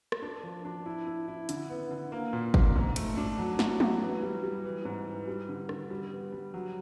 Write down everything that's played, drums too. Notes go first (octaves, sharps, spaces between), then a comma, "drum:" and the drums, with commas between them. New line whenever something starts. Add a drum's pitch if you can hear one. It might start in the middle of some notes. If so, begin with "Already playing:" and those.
drum: rim click
D4
F3
D4
E4
E4
E4
D3, drum: hi-hat
B3
D3
A#3
A#2
A#2, drum: kick
G#2
A3, drum: cymbal
D4
F#3
F#4, drum: snare
F#3, drum: tom G#3
E3
G3
G3
E3
G#2
E3
G3
D3
D3, drum: rim click
G3
B3
G3
F#3